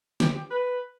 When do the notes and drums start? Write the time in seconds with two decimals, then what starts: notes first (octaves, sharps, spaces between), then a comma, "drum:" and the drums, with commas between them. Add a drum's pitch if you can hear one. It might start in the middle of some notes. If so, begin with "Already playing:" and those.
0.20 G4, drum: snare
0.35 G4
0.51 B4